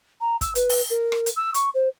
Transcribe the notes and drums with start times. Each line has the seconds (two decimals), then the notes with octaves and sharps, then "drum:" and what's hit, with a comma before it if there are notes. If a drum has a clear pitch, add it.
0.21 A#5
0.41 E6, drum: kick, hi-hat
0.55 B4, drum: hi-hat
0.69 drum: open hi-hat
0.90 A#4
1.12 drum: rim click
1.26 drum: hi-hat
1.36 E6
1.54 C#6, drum: hi-hat
1.74 C5